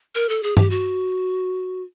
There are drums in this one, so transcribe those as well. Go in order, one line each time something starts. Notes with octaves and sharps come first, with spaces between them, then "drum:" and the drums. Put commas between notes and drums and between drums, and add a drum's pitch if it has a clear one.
A#4
A4
G#4
G4, drum: tom G2
F#4